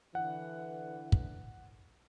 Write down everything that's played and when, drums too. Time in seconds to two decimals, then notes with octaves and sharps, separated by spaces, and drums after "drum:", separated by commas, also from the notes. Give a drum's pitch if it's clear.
0.15 D3 E3 F#5
1.12 drum: kick